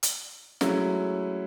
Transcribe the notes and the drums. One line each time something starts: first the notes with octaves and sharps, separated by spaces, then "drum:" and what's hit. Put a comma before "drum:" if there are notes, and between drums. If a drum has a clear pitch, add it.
drum: hi-hat
F#3 G#3 A3 C#4 E4, drum: snare